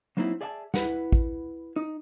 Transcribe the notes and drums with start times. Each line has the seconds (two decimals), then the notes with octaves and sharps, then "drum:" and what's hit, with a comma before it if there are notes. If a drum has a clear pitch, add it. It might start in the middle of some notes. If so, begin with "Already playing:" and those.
0.17 F#3 A#3 C4 D#4 E4
0.41 G#4 D5 E5 F5 A5
0.74 E4 B4 F#5, drum: snare
1.12 drum: kick A1
1.76 D#4